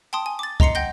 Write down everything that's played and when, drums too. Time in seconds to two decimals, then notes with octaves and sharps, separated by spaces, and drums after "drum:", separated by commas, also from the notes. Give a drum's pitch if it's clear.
0.13 G5 A5 C6 D#6
0.26 G#5
0.39 D6 A6
0.60 D#5 A#5 C6 C7 C#7, drum: kick
0.75 F#5 G5 G6 A#6 G7